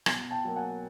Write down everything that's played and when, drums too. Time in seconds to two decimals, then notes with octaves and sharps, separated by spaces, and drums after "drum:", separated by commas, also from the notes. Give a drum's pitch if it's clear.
0.06 B2, drum: rim click
0.31 G5 A5
0.44 F#3 A#3
0.56 F#5 G#5